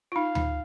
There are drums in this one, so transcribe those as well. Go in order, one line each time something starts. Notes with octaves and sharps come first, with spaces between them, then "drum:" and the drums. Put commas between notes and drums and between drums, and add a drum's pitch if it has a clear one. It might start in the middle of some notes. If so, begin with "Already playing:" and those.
F4
D#4 F5
D#4, drum: tom D2